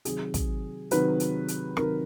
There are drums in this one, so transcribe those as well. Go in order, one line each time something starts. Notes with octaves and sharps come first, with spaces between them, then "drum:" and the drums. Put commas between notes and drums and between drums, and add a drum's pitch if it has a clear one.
C3 D#3 F#3 G#4, drum: hi-hat
drum: kick, hi-hat
C3 D#3 F#3 B4, drum: hi-hat
drum: hi-hat
drum: hi-hat
C3 D#3 F#3 A#4, drum: rim click